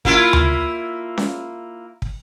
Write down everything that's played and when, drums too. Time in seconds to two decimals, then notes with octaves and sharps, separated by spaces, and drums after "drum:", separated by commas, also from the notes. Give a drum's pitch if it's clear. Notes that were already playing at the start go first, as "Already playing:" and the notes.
0.05 A#3 E4 F4, drum: kick
0.33 drum: tom D2
1.18 drum: snare C#4
2.02 drum: kick